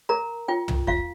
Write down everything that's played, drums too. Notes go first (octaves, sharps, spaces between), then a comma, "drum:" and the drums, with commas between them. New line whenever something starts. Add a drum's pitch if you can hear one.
A#4 A#5
F4 G5
drum: tom
F4 F5, drum: kick E2